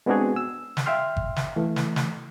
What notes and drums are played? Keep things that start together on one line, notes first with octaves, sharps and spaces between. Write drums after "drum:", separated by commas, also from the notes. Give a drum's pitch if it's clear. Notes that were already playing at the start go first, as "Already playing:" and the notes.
G#3 B3 C4 D4 F#4 G#4
E6
drum: snare
E5 F5 G5 C6 F6
drum: kick G1
drum: snare
E3 A3
drum: snare
drum: snare